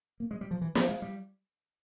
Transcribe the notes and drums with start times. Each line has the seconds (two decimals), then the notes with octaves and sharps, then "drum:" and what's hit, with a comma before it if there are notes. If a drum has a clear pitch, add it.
0.20 A#3
0.31 G#3
0.41 G3
0.51 F3
0.61 E3
0.75 F3, drum: snare
0.89 G#3
1.02 G3